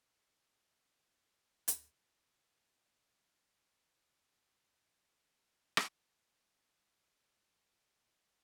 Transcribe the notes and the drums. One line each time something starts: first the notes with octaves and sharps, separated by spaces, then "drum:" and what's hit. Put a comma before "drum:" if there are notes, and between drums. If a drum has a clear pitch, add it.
C2 E4 G4 A4 B4
drum: hi-hat
C5
A#2
D#3
F3
D5
D3
F#5
C4
D5
G#3
G#2
drum: rim click
G#4 A4